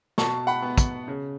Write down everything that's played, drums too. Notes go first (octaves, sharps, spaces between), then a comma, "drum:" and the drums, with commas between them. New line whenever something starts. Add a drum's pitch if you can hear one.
B2 A5 C#6, drum: snare
F#5 B5
B3
drum: kick, hi-hat
C#3